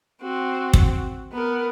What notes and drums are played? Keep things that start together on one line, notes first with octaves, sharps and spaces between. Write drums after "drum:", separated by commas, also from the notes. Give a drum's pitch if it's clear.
C4 F#4
drum: kick
B3 A#4